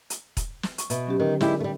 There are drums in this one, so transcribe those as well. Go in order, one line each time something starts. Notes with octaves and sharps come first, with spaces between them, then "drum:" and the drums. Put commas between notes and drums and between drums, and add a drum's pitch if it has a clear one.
drum: hi-hat
drum: kick E1, hi-hat
drum: snare
C#6, drum: hi-hat
B2 E5, drum: hi-hat
F#3 C#4 G4
D3 D#3
G#3 D#4 E4 G4 A#4 D5, drum: snare
G3 A3